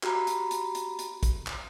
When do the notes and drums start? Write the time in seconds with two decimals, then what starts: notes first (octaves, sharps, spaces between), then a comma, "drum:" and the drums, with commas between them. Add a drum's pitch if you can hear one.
0.03 F#4 G4 A#5 B5, drum: clap
0.27 drum: hi-hat
0.51 drum: hi-hat
0.75 drum: hi-hat
0.99 drum: hi-hat
1.23 drum: kick, hi-hat
1.47 drum: clap